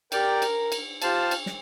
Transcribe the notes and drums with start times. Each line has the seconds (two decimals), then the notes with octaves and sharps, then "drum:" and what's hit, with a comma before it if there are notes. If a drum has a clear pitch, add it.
0.12 G4 A#4 D5 G5, drum: cymbal
0.42 drum: cymbal
0.72 drum: cymbal
1.02 F4 G4 C5 F5 A5, drum: cymbal
1.31 drum: cymbal
1.46 drum: snare